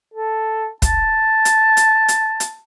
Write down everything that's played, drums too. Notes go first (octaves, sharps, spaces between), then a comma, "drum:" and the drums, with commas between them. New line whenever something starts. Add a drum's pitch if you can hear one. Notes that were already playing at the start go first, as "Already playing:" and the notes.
A4
A5, drum: kick, hi-hat
drum: hi-hat
drum: hi-hat
drum: hi-hat
drum: hi-hat